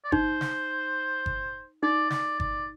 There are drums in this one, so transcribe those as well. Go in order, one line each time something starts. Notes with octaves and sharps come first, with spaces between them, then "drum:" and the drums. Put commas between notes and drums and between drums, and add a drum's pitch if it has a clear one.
D5
D#4 C5, drum: kick G1
drum: snare
drum: kick G1
D#4 D5
D5, drum: snare
D5, drum: kick G1